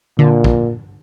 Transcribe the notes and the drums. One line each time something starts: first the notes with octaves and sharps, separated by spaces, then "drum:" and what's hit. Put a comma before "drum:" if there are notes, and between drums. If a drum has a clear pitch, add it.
A#2 D3
drum: kick